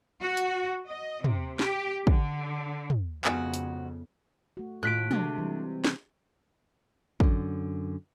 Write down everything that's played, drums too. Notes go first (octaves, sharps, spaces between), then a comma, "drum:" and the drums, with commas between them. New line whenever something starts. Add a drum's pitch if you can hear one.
F#4
drum: hi-hat
D#5
C3, drum: tom
G4, drum: snare
D3, drum: kick
drum: tom
F2 G#2 C#3 B3 F#4 G#4 B4 F5, drum: clap
drum: hi-hat
A3 F#4
D#2 A2 F4 F#6 B6 D7
C3 G#3 A3 D4 F#4, drum: tom
E3 G3
drum: snare
F#2 D3, drum: kick